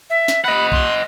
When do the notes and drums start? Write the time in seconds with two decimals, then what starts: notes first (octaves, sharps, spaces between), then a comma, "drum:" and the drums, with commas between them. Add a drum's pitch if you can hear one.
0.10 E5
0.28 drum: snare
0.44 D#5 F#5 B5
0.72 C6, drum: kick A#1